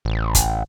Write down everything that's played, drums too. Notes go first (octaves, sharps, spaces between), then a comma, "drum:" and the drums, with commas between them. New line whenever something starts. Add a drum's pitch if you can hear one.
A1
drum: kick, hi-hat